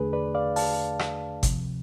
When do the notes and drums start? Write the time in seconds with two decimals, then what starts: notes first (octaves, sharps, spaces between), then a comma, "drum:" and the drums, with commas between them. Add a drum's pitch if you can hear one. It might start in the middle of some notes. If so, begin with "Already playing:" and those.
Already playing: E2 D3 A3 D4 G#4 B4
0.13 B4 D5
0.35 D5 F5
0.56 F5 A5, drum: open hi-hat
0.99 drum: rim click
1.43 D2 C3 F3, drum: kick G1, hi-hat